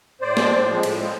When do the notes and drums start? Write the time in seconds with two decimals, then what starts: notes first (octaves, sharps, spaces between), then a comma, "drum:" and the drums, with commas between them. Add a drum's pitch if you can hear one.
0.21 A2 C5 D5
0.37 F3 G#3 C4, drum: snare
0.53 A2
0.68 F3 G#3 C4
0.83 A2, drum: cymbal
0.99 F3 G#3 C4